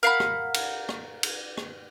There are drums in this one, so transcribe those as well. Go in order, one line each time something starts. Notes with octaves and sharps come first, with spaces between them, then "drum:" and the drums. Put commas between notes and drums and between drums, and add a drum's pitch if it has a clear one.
A#4 F5 F#5 B5
drum: rim click
drum: cymbal
drum: rim click
drum: cymbal
drum: rim click